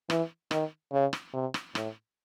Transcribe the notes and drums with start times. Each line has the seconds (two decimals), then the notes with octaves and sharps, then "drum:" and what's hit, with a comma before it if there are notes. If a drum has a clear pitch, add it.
0.10 E3, drum: rim click
0.51 D#3, drum: rim click
0.93 C#3
1.13 drum: rim click
1.33 C3
1.54 drum: rim click
1.75 A2, drum: rim click